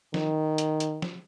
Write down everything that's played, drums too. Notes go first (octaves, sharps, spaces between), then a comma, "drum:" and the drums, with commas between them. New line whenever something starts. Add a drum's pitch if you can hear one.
D#3, drum: snare
drum: hi-hat
drum: hi-hat
drum: snare